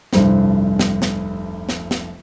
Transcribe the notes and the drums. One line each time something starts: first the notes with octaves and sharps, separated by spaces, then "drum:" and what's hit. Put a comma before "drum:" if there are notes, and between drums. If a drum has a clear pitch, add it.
F1 C2 G2 C5, drum: snare
drum: snare
drum: snare
drum: snare
drum: snare